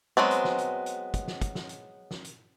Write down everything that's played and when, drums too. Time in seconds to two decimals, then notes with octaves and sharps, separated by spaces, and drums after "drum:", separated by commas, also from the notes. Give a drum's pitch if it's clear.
0.17 F#3 G#3 B3 C4
0.31 drum: hi-hat
0.45 drum: snare
0.58 drum: hi-hat
0.86 drum: hi-hat
1.14 drum: kick, hi-hat
1.28 drum: snare
1.41 drum: kick, hi-hat
1.55 drum: snare
1.69 drum: hi-hat
2.11 drum: snare
2.25 drum: hi-hat